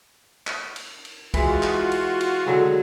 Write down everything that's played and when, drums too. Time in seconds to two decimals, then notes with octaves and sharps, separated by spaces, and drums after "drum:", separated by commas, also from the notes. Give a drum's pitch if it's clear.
0.47 drum: clap
0.76 drum: cymbal
1.05 drum: cymbal
1.34 E3 G#3 F4 F#4, drum: kick, cymbal
1.63 drum: clap
1.92 drum: cymbal
2.21 drum: cymbal
2.46 D3 F#3 G#3